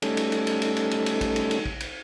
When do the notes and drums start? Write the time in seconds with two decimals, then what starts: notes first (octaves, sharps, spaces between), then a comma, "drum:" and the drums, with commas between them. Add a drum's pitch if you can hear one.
0.02 G3 A3 C#4 D#4 A4, drum: cymbal
0.17 drum: cymbal
0.32 drum: cymbal
0.47 drum: cymbal
0.62 drum: cymbal
0.76 drum: cymbal
0.91 drum: cymbal
1.06 drum: cymbal
1.21 drum: kick, cymbal
1.36 drum: cymbal
1.51 drum: cymbal
1.66 drum: kick
1.80 drum: cymbal